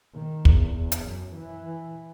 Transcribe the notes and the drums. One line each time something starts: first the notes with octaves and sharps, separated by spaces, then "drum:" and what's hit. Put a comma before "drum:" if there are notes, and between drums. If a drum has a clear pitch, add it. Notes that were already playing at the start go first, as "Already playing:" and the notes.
D#3
E2, drum: kick
drum: hi-hat
F#2
E3